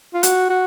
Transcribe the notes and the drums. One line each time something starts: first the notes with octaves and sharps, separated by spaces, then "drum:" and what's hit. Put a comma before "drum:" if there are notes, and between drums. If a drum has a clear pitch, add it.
F4
F#4, drum: hi-hat
F#4